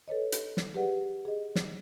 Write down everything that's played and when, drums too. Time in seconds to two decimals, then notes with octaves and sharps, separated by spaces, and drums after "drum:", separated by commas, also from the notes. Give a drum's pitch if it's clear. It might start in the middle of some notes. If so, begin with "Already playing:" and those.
0.08 A4 B4 C#5 D#5
0.32 drum: hi-hat
0.57 drum: snare
0.74 G4 G#4 B4 D5 F#5
1.25 G#4 D#5
1.55 drum: snare